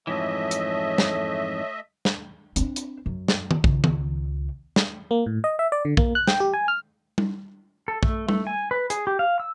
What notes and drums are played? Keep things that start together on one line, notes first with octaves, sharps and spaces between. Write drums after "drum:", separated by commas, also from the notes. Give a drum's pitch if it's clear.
F2 G#2 E3 A3 C#5 D#5 E5
drum: hi-hat
drum: snare
drum: snare
C4 D4, drum: hi-hat
drum: hi-hat
F#2
drum: snare
drum: tom D#3
C#2, drum: kick
drum: tom D#3
drum: snare
A#3
A2
D#5
E5
D5
D3
A#3, drum: kick
F#6
G5, drum: snare
G4
G#5
F6
drum: tom G3
A4
A3, drum: kick
A3, drum: tom G3
G#5
B4
G#4, drum: hi-hat
G4
F5
E6